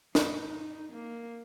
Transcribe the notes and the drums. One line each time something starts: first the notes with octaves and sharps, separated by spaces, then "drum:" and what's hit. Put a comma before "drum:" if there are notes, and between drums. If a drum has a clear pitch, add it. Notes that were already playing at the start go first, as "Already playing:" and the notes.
D#4, drum: snare
A#3